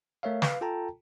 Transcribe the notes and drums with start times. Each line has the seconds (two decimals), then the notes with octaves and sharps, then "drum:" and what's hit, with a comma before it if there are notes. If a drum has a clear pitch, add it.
0.23 A3 A#4 C#5 E5 F5
0.42 B4 F5, drum: snare
0.61 F4 A4 G5 A5 A#5